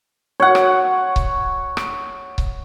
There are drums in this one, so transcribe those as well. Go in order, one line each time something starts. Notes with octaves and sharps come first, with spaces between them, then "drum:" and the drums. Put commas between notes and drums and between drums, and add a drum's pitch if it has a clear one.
C#5 F#5
drum: rim click
drum: kick C#1
drum: rim click
drum: kick C#1